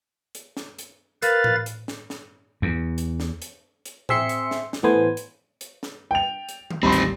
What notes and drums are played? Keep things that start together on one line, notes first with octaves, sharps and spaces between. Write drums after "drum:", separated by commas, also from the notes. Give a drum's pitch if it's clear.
drum: hi-hat
drum: snare
drum: hi-hat
A#4 B4 F5 A6, drum: hi-hat
drum: tom A2
drum: hi-hat
drum: snare
drum: snare
E2
drum: hi-hat
drum: snare
drum: hi-hat
drum: hi-hat
C4 G#4 E5 C6 C#7, drum: tom A2
drum: hi-hat
drum: snare
drum: snare
A2 E3 A3 B3 C5 G#5
drum: hi-hat
drum: hi-hat
drum: snare
G5 F7
drum: hi-hat
drum: tom D#3
A1 D#2 G3 C4 D#4 B5 C6
drum: hi-hat